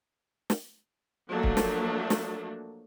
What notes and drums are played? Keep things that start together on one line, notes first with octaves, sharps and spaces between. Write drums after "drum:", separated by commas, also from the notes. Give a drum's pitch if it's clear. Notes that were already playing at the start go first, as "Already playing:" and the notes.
drum: snare
F3 F#3 A3 A#3 D4
drum: kick
drum: snare
drum: snare